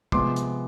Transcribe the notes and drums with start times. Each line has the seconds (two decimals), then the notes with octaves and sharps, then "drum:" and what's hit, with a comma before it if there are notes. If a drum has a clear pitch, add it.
0.12 C3 F3 G#3 B3 C6 D6, drum: kick
0.36 drum: hi-hat